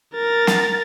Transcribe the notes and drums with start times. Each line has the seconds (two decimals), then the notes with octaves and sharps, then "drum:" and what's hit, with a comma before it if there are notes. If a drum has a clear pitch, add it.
0.15 A#4 A6
0.47 drum: snare